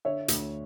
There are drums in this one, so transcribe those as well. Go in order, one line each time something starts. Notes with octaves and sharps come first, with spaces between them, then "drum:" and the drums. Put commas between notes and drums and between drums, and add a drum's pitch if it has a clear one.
D3 C#5 E5
D2, drum: hi-hat